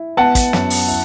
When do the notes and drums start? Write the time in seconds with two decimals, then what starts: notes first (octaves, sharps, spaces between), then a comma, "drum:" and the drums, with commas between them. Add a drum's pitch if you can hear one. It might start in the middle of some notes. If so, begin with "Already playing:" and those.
Already playing: E4
0.17 B3 F#5 A5
0.35 drum: kick, hi-hat
0.53 F#2, drum: snare
0.70 drum: open hi-hat
0.88 E4